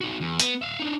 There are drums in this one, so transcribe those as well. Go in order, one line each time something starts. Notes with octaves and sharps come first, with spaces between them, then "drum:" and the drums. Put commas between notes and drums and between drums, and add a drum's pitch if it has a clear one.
D#4 F#4
E2
B3, drum: hi-hat
E5 F5
D4 D#4